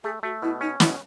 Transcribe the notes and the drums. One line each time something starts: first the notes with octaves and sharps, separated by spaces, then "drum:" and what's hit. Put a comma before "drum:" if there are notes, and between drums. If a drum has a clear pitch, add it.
A3 G#4
A3 F#4
B2 E4
C#4 D#4
B2 E4, drum: snare